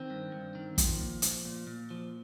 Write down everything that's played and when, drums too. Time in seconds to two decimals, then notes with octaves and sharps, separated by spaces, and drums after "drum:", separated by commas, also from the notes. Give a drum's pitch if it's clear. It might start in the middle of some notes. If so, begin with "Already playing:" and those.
Already playing: D#3 C4
0.10 G2
0.32 G2
0.55 D#3
0.78 F3, drum: kick, hi-hat
1.00 A#2
1.22 F3, drum: hi-hat
1.45 A#2
1.67 A#2
1.91 F3